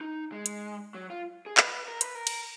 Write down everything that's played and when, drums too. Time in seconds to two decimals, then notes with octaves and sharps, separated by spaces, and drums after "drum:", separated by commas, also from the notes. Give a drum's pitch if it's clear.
0.01 D#4
0.32 G#3
0.46 drum: hi-hat
0.95 F#3
1.10 F4
1.46 G#4
1.57 B4, drum: clap
1.88 A#4
2.01 B4, drum: hi-hat
2.15 A#4
2.27 drum: cymbal